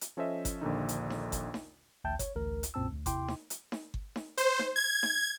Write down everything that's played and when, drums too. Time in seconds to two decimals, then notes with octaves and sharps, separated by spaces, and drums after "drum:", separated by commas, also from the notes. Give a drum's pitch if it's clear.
0.01 drum: hi-hat
0.17 F3 C#4 A4 C5 D#5 E5
0.45 drum: kick G1, hi-hat
0.61 A#1 D#2 D3 D#4
0.89 drum: hi-hat
1.10 drum: snare D#4
1.32 drum: kick G1, hi-hat
1.54 drum: snare D#4
2.04 A1 D2 E5 G5 A5 G6
2.19 C#5, drum: kick G1, hi-hat
2.36 A1 D2 A#4
2.63 drum: hi-hat
2.74 B1 F#2 A#2 C4 A5 E6
2.90 D2
3.06 D#2 C3 E4 G5 C6 D6, drum: kick G1, hi-hat
3.28 drum: snare D#4
3.50 drum: hi-hat
3.72 drum: snare D#4
3.94 drum: kick G1
4.16 drum: snare D#4
4.37 C5, drum: hi-hat
4.59 drum: snare D#4
4.76 G#6
5.03 drum: snare D#4